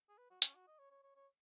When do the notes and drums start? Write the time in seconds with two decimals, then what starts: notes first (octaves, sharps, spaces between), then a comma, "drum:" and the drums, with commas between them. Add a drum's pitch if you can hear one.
0.09 G#4
0.18 B4
0.30 F#4
0.42 C#4, drum: hi-hat
0.55 F#4
0.67 D#5
0.79 C#5
0.91 C#5
1.03 C#5
1.16 C#5